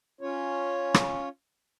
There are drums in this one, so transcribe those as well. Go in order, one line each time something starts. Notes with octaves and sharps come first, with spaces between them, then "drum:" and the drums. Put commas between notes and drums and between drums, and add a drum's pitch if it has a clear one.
C#4 F4 C#5
drum: rim click